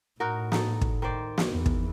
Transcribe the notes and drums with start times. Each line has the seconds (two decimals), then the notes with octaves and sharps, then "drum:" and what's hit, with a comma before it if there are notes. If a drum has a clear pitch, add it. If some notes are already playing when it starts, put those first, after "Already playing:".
0.20 A2 D#4 F#4 A#4
0.52 D#4 A4, drum: snare
0.81 drum: kick
1.02 D#3 C5 D5
1.38 drum: snare
1.52 E2
1.66 drum: kick